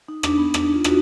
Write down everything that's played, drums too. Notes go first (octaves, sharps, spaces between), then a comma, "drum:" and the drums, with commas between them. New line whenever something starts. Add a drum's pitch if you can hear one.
D#4
D4, drum: rim click
B3
D4, drum: rim click
D#4
F4
D#4 F#4, drum: rim click